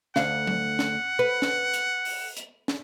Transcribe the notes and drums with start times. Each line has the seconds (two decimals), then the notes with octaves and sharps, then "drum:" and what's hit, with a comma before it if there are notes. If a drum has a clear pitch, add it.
0.16 D2 F5 F#5, drum: snare
0.47 drum: tom F#3
0.79 drum: snare
1.19 B4
1.42 drum: snare
1.74 drum: hi-hat
2.05 drum: open hi-hat
2.37 drum: hi-hat
2.68 drum: snare